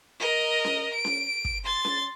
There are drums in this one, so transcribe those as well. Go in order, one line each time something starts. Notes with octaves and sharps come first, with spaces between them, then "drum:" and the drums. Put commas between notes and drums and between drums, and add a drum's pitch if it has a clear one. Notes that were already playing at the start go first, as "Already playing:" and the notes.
A#4 D#5
drum: snare C#4
D7
drum: snare C#4
drum: kick
C6 A6
drum: snare C#4